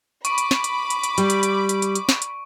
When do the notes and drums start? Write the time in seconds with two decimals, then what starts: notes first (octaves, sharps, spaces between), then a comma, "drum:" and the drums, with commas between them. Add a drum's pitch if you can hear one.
0.25 B5 C#6 D6 D7, drum: hi-hat
0.38 drum: hi-hat
0.51 drum: snare
0.64 drum: hi-hat
0.90 drum: hi-hat
1.04 drum: hi-hat
1.18 G3, drum: hi-hat
1.30 drum: hi-hat
1.43 drum: hi-hat
1.69 drum: hi-hat
1.82 drum: hi-hat
1.96 drum: hi-hat
2.09 drum: snare
2.22 drum: hi-hat